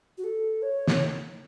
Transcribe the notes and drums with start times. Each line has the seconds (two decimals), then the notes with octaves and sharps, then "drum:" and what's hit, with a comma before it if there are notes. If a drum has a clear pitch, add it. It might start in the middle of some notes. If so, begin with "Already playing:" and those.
0.18 F#4
0.24 A4
0.62 C#5
0.87 drum: snare